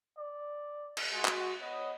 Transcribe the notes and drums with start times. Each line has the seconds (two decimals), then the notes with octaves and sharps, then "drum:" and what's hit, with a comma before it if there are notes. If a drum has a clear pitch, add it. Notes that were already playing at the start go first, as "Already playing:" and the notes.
0.18 D5
0.97 drum: cymbal
1.13 G#3 F#4
1.25 drum: clap
1.61 B3 C#5 D#5